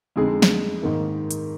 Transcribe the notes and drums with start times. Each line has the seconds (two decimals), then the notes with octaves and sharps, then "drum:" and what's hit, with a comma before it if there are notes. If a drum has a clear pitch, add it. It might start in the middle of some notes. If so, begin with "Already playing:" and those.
0.16 F2 D3 G#3 D#4 G#4
0.42 drum: snare
0.82 G#2 D#3 A#3 D#4
1.31 drum: hi-hat